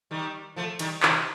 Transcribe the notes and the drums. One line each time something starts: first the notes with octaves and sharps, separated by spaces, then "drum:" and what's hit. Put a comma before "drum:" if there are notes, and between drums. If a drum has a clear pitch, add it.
D#3 G3
F3 A3
D#3 G3, drum: cymbal
C3 D#3, drum: clap